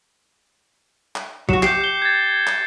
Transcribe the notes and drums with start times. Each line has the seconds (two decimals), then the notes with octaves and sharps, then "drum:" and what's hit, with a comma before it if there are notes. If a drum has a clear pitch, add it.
1.16 drum: clap
1.49 F#3 F#4 C#7 E7, drum: kick
1.63 G4 G6 C7, drum: clap
1.81 G6 G7
2.02 G#6 A6
2.47 drum: clap